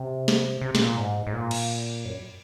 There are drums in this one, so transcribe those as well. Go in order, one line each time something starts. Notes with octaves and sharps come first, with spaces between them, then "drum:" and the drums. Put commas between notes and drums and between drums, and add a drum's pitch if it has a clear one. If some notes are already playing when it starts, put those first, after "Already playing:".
Already playing: C3
drum: snare
C3
C3, drum: snare
A#2
G#2
G#2
A#2
drum: cymbal
F#2